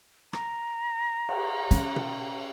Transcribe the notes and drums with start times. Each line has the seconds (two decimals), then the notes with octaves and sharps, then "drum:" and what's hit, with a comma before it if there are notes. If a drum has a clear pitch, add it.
0.33 A#5, drum: rim click
1.29 drum: cymbal
1.71 C#4, drum: hi-hat
1.96 drum: tom B2